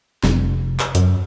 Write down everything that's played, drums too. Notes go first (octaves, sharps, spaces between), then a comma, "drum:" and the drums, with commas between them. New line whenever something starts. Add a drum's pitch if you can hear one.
F1, drum: snare
drum: clap
F#2, drum: hi-hat